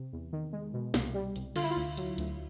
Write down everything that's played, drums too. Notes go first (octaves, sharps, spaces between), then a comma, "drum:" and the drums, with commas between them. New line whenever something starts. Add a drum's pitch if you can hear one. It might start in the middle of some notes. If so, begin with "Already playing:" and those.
Already playing: C3
E2
D#3
G#3
B2
C2, drum: snare
G3
C2, drum: hi-hat
D3 F4, drum: cymbal
E4
F4
D2
F#3, drum: hi-hat
D2, drum: hi-hat